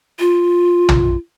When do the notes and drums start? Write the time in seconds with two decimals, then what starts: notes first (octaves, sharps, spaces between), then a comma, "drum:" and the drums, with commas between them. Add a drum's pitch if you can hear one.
0.20 F4
0.89 drum: tom